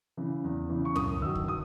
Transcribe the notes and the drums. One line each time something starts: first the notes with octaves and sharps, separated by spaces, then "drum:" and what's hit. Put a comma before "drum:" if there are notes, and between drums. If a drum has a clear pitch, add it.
C#3 E3
E2
C#3 E3
C#6
F#2 D#6, drum: tom
D#3 F#3 E6
drum: kick
D#6